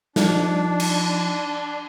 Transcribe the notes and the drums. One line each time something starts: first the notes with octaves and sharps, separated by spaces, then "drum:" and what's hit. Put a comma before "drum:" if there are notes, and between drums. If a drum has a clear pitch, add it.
F3 D4 D#4, drum: snare
drum: cymbal